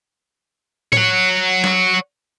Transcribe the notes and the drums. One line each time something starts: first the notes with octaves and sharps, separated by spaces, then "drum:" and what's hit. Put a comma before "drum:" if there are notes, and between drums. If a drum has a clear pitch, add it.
C#5 F#5, drum: tom A2
drum: snare